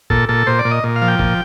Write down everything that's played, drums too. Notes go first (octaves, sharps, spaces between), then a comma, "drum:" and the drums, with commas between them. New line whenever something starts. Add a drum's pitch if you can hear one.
A#2 A4, drum: kick G1
A#2 A4
A#2 C5
D5
A#2
D#5
A#2
F5
F3
G5
A#2, drum: kick G1